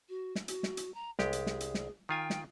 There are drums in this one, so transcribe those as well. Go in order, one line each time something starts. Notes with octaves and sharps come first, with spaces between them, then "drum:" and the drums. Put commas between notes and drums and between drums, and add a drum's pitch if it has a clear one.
F#4
drum: snare
F#4, drum: hi-hat
drum: snare
drum: hi-hat
A#5
C2 G#3 G4 G#4, drum: snare
drum: hi-hat
drum: snare
drum: hi-hat
drum: snare
D#3 F4 G5 G#5
drum: snare